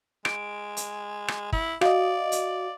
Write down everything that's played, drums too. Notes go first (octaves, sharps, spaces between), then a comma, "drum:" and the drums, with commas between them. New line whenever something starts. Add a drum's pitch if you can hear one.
G#3 D7, drum: rim click
drum: hi-hat
drum: rim click
E4, drum: kick
F#4 D5 D#5 F5, drum: rim click
drum: hi-hat